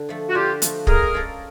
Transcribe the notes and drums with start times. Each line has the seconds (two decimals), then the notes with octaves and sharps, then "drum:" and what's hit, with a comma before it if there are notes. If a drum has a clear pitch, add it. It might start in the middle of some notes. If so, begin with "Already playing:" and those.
Already playing: D3 A4
0.09 F3 A3
0.29 F#4
0.35 D3 F4 G4
0.62 F3 A3, drum: hi-hat
0.87 G#3 G#4 A#4, drum: kick
1.14 C#4 F4 A4 D5